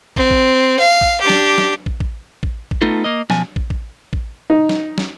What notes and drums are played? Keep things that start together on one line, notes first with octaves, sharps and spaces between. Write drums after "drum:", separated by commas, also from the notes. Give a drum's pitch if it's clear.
C4, drum: kick
drum: kick
F5
drum: kick
D4 G4
drum: snare
drum: snare
drum: kick
drum: kick
drum: kick
drum: kick
A3 B3 D#4 F4 A4
A#3 A#4 D#5
B2 F3 G#5, drum: snare
drum: kick
drum: kick
drum: kick
D#4
drum: snare
drum: snare